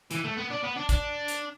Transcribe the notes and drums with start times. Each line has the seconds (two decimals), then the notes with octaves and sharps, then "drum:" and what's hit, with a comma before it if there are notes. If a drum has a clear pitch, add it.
0.11 E3, drum: hi-hat
0.24 A3
0.37 B3
0.50 D4
0.63 B3
0.76 D4
0.89 D4, drum: kick A1, hi-hat
1.28 drum: hi-hat